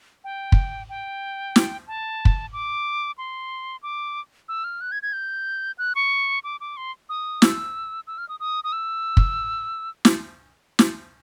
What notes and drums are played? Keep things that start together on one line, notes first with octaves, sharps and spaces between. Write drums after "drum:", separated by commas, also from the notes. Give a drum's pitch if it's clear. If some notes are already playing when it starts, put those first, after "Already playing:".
G5
drum: kick
G5
drum: snare
A5
drum: kick
D6
C6
D6
E6
F6
F#6
G#6
G#6
G6
F#6
C#6
D6
D6
C6
D#6
E6, drum: snare
E6
F6
D#6
D#6
D#6
E6
drum: kick
drum: snare
drum: snare